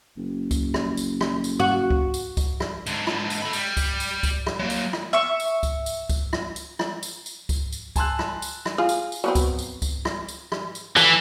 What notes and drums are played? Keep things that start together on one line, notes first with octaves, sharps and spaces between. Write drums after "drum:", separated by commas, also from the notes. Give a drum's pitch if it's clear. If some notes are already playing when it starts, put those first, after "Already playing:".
F#1
drum: kick C#2, tambourine
drum: rim click
drum: tambourine
drum: rim click
drum: tambourine
F#4
drum: kick C#2
drum: tambourine
drum: kick C#2, tambourine
drum: rim click
G#2 D3, drum: tambourine
drum: rim click
drum: tambourine
A4 B5
G3, drum: tambourine
drum: kick C#2, tambourine
drum: tambourine
drum: kick C#2, tambourine
drum: rim click
F#3 A#3
drum: tambourine
drum: rim click
E5 C#6
drum: tambourine
drum: kick C#2, tambourine
drum: tambourine
drum: kick C#2, tambourine
drum: rim click
drum: tambourine
drum: rim click
drum: tambourine
drum: tambourine
drum: kick C#2, tambourine
drum: tambourine
G#5 A5 C6 E6 F#6, drum: kick C#2, tambourine
drum: rim click
drum: tambourine
drum: rim click
F4 G#4
drum: tambourine
drum: tambourine
F#3 B3 C4
drum: kick C#2, tambourine
drum: tambourine
drum: kick C#2, tambourine
drum: rim click
drum: tambourine
drum: rim click
drum: tambourine
E3 A4, drum: tambourine